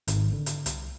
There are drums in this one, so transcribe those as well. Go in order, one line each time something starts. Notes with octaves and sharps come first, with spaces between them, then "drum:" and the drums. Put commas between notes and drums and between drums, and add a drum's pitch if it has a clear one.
G#1, drum: hi-hat
D3
drum: hi-hat
C2, drum: hi-hat